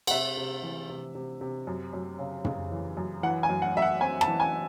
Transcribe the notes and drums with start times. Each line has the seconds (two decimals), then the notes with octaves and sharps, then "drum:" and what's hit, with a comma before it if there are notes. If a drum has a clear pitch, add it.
0.07 F#5, drum: cymbal
0.11 C3 E5
0.37 C3
0.63 E3
0.89 C3
1.15 C3
1.41 C3
1.67 F#2
1.93 F#2
2.19 C#3
2.45 C#3, drum: tom
2.71 E3
2.97 F#2
3.23 E3 F#5
3.43 G#5
3.49 F#2
3.62 F#5
3.76 F#2 E5
3.82 F#5
4.01 C4 G#5
4.21 A5, drum: rim click
4.27 E3
4.40 G#5